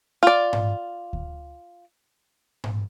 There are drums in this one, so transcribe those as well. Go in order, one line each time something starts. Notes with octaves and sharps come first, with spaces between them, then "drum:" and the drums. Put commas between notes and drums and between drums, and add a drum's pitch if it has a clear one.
F4 D5
drum: tom G#2
drum: kick D2
drum: tom G#2